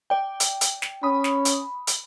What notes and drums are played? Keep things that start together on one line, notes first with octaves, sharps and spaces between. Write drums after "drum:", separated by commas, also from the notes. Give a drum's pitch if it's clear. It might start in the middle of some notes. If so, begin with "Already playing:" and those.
D5 G5
drum: hi-hat
drum: hi-hat
drum: snare
C#4 B5 D#6
drum: snare
drum: hi-hat
drum: hi-hat